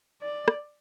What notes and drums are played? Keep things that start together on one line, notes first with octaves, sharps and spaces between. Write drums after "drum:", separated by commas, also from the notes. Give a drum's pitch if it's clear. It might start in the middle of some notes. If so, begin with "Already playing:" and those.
D5
drum: rim click